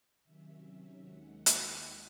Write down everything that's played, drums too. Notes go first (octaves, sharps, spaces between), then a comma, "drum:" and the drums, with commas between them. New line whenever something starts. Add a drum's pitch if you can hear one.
C3 D#3 F#3 C#4 E5
D#2 D#3 G#3 F#5
F#5, drum: hi-hat